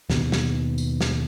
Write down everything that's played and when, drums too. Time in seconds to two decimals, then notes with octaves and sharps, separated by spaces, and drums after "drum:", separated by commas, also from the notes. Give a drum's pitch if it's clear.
0.10 D#2 B2, drum: snare
0.32 drum: snare
0.78 drum: tambourine
1.01 drum: snare